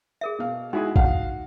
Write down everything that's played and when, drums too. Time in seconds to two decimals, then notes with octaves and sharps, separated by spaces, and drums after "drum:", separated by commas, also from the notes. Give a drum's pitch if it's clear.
0.21 G#4 A#4 E5
0.39 B2 F5
0.73 G#3 D#4 E4 F#4 G#4
0.96 F5 F#5, drum: kick